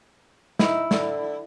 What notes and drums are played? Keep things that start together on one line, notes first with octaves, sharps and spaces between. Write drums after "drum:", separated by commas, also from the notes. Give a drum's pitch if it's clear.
D#4 E4, drum: snare
D3, drum: snare